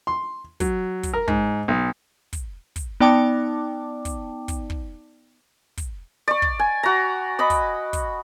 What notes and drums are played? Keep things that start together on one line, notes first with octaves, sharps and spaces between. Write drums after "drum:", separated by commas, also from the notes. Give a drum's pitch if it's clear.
C6
F#3, drum: kick, hi-hat
drum: kick, hi-hat
A#4
G#2, drum: kick
B1
drum: kick, hi-hat
drum: kick, hi-hat
B3 D#4 D5 G5 A5 D6
drum: kick, hi-hat
drum: kick, hi-hat
drum: kick
drum: kick, hi-hat
D5 C#6
drum: kick
G#5
F#4 A#5
D#5 B5 D6
drum: kick, hi-hat
drum: kick, hi-hat